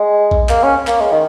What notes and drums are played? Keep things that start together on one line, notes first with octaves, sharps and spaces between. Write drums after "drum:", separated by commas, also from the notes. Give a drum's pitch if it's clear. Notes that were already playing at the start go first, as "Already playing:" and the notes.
Already playing: G#3
drum: kick A#1
A#3, drum: clap
C#4
A#3, drum: clap
G#3
D#3